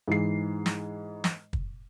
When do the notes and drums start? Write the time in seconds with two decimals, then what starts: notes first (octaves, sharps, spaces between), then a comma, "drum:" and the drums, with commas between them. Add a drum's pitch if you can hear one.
0.08 G#2 E3 G#3 C7
0.66 drum: snare
1.24 drum: snare
1.53 drum: kick